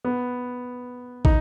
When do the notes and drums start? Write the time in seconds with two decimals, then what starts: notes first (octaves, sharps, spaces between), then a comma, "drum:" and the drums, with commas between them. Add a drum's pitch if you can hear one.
0.05 B3
1.25 D#4, drum: kick